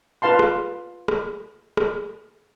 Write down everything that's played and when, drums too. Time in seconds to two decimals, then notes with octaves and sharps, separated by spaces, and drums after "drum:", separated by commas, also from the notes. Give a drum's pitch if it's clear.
0.22 F4 B4 F5 A5 C6
0.39 drum: rim click
1.08 drum: rim click
1.77 drum: rim click